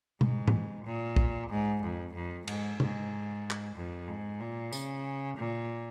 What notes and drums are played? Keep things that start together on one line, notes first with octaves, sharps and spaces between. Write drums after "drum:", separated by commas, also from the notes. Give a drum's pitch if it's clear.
G#2, drum: tom B2
drum: tom G#2
A#2
drum: kick
G#2
F2
F2
G#2, drum: cymbal
G#2, drum: tom C3
drum: clap
F2
G#2
A#2
C#3, drum: tambourine
A#2